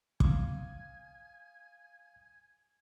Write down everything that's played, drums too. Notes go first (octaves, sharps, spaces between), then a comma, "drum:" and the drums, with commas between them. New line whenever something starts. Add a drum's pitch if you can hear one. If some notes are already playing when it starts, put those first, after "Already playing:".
F5 G#5 D6 D#6, drum: kick